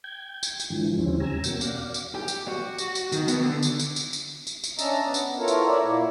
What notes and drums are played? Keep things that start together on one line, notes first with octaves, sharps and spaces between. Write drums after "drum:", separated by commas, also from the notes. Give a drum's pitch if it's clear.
G5 G6 G#6
drum: tambourine
drum: tambourine
G#2 D3 E3 F3
D#2 C#3 E3 G3 C4 C#4
E2 G4 G#5 A#5 E6
B2 A#3 C#4 F#4 G5, drum: tambourine
D5 F5 F#5, drum: tambourine
drum: tambourine
G4
drum: tambourine
F#4
drum: tambourine
drum: tambourine
D#3, drum: tambourine
B3, drum: tambourine
D3
drum: tambourine
drum: tambourine
drum: tambourine
drum: tambourine
drum: tambourine
drum: tambourine
C#4 D4 D#5 E5 A5 A#5, drum: tambourine
B3
drum: tambourine
B3 E4 F4 A4 A#4 C#5
drum: tambourine
A#4 C#5 D5 E5
A#2 A#3 E4